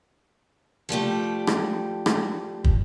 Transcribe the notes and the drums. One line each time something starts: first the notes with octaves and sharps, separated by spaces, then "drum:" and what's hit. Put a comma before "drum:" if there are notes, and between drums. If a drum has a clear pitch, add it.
F3 G3 A3 G4
drum: rim click
drum: rim click
drum: kick